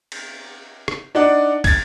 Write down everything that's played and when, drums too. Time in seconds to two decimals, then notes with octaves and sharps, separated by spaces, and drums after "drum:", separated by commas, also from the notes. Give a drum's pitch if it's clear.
0.12 drum: cymbal
0.88 drum: rim click
1.15 D4 D#4 D5 F#5
1.64 G#6 A6, drum: kick, cymbal